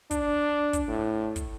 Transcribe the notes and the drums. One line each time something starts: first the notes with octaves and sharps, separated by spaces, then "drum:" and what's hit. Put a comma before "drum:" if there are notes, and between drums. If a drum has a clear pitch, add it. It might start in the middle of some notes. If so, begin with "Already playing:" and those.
D4, drum: kick, hi-hat
drum: kick, hi-hat
A2
drum: kick, hi-hat